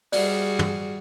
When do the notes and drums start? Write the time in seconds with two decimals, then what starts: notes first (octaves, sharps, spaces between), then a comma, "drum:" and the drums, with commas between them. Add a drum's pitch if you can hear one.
0.12 G3 F#4 G#4 D5, drum: open hi-hat
0.59 drum: tom